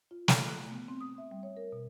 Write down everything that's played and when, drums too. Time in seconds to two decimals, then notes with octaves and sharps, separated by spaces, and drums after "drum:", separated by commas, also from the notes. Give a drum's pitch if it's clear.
0.11 F4
0.28 B5, drum: snare
0.46 F#6
0.58 A3
0.71 B3
0.88 C4
1.01 D#6
1.18 E5
1.31 G3
1.43 C#5
1.57 A#4
1.72 B2